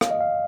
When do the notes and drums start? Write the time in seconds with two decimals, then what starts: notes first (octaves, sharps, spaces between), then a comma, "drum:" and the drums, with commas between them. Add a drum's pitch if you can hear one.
0.01 F5, drum: rim click
0.11 D#5
0.21 F5